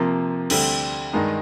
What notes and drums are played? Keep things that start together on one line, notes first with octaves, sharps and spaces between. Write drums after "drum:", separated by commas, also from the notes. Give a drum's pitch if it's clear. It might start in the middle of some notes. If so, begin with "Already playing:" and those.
Already playing: C3 F3 A#3
D2 D3 G3 C4, drum: cymbal
G2 D#3 G#3 D#4